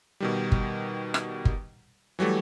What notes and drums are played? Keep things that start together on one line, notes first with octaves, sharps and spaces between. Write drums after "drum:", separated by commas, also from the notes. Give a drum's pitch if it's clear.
B2 D#3 G3
drum: kick G1
drum: rim click
drum: kick G1
E3 F#3 G3 A3